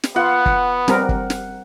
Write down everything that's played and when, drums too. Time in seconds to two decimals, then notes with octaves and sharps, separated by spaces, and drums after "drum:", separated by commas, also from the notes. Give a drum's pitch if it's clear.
0.04 drum: snare
0.16 B3 F4 F#5
0.46 drum: kick
0.88 G3 C4 A#4, drum: snare
1.09 drum: kick
1.30 drum: snare